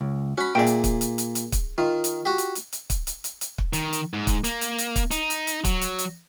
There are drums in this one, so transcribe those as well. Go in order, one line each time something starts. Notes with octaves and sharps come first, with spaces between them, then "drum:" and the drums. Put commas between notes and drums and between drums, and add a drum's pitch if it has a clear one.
C#2
C#4 F#4 B5
A#2 G#4 D5 E5 G5
drum: hi-hat
drum: kick, hi-hat
drum: hi-hat
drum: hi-hat
drum: hi-hat
drum: kick, hi-hat
D#3 F4
drum: hi-hat
F#4 G4
drum: hi-hat
drum: hi-hat
drum: hi-hat
drum: kick, hi-hat
drum: hi-hat
drum: hi-hat
drum: hi-hat
drum: kick
D#3, drum: hi-hat
drum: hi-hat
G#2
drum: kick, hi-hat
A#3, drum: hi-hat
drum: hi-hat
drum: hi-hat
drum: kick, hi-hat
D#4, drum: hi-hat
drum: hi-hat
drum: hi-hat
F#3, drum: kick, hi-hat
drum: hi-hat
drum: hi-hat